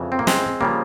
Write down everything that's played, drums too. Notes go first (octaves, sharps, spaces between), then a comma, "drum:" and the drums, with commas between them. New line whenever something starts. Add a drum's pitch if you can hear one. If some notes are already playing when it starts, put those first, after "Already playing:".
Already playing: F2 C#3 E3
C4
A#3
G#3 C4, drum: snare
C#3 F3 G3 A#3